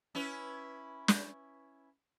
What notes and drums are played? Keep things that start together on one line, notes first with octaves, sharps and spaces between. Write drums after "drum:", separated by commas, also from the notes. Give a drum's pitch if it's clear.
C#4 E4 B4
drum: snare